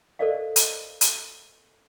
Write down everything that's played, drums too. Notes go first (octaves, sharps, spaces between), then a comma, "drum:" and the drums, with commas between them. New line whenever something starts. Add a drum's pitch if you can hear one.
A4 A#4 C5 D5 D#5 F5
drum: hi-hat
drum: hi-hat